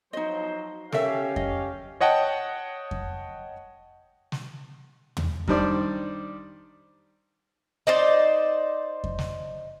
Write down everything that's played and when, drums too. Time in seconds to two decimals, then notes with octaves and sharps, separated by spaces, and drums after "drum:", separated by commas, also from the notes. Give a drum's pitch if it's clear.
0.13 F3 F#3 D#4 C5 D#5
0.92 C#4 G4 A4 A#4 E5 F5, drum: snare
1.36 D#5, drum: kick F2
2.01 C#5 D#5 F#5 G5 A5
2.91 drum: kick F2
4.32 drum: snare
5.17 drum: tom
5.47 D#3 G3 D4 C5 D5, drum: kick F2
7.87 D#4 C5 D5
9.04 drum: kick F2
9.19 drum: snare